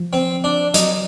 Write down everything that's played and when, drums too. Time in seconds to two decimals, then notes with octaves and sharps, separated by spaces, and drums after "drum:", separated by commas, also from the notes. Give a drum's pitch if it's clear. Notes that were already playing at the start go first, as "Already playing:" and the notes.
Already playing: F3
0.13 C4
0.44 D4
0.74 F#3 D#4, drum: hi-hat